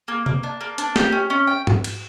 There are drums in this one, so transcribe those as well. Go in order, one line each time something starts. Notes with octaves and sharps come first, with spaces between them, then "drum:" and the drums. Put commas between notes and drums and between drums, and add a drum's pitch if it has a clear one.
A#3
A#3, drum: tom C3
D4
A#3
D4, drum: hi-hat
G4, drum: snare
C#4
C#4
G5
drum: tom G#2
drum: cymbal